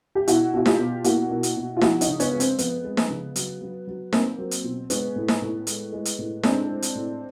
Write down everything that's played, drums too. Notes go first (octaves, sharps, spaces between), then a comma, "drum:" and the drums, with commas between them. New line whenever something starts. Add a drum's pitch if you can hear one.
G4
B2 E4 F#4, drum: hi-hat
B2 F#4
F4 G4, drum: snare D#4
B2
A#3 E4 F#4, drum: hi-hat
B2
drum: hi-hat
B2
F4
F3 E4 F#4, drum: snare D#4
C#4 D#4, drum: hi-hat
C#3
B3 C#4, drum: hi-hat
G#3
C4, drum: hi-hat
F2 B3, drum: hi-hat
G#3
drum: snare D#4
C#3
F#3, drum: hi-hat
F#3
F#3
A#3 C4, drum: snare D#4
F#3
drum: hi-hat
B2
G#3 B3 C#4, drum: hi-hat
A2
drum: snare D#4
A2
G#3, drum: hi-hat
G#3
drum: hi-hat
A2
G#3 C4 D4, drum: snare D#4
G#3
drum: hi-hat
A2